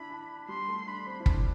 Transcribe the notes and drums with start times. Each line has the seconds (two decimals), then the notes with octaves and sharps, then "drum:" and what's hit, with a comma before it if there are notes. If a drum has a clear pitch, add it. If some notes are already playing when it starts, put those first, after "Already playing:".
Already playing: D4 E4 B5
0.10 D4
0.49 G3 C6
0.68 A3
0.87 D4 B5
1.06 C4
1.20 E4
1.26 D4, drum: kick